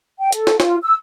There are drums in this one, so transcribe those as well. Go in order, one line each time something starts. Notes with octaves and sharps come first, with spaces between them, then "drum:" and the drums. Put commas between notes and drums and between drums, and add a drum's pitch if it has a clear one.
G5
A4, drum: hi-hat
drum: snare
F4, drum: snare
E6